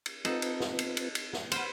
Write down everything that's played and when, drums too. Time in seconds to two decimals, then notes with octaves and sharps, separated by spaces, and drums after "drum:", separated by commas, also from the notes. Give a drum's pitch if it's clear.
0.06 drum: cymbal
0.25 C4 D#4 F4 A4 B4 F#5, drum: cymbal
0.42 drum: cymbal
0.60 drum: snare
0.79 drum: cymbal
0.97 drum: cymbal
1.15 drum: cymbal
1.33 drum: snare
1.52 B4 C5 F#5 F6, drum: cymbal